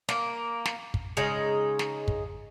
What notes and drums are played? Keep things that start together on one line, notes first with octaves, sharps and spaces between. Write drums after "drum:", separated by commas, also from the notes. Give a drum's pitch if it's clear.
A#3, drum: snare
drum: snare
drum: kick
C#3 G#3 D#4
drum: snare
drum: kick